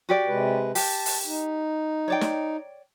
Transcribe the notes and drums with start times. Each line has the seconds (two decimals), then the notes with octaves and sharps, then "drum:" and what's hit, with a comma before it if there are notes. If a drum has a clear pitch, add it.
0.09 F#4 G4 D5
0.27 C3 G#3 B4
0.75 G4 A5, drum: open hi-hat
1.06 drum: open hi-hat
1.26 D#4
2.08 C#5 D5 G5
2.21 drum: snare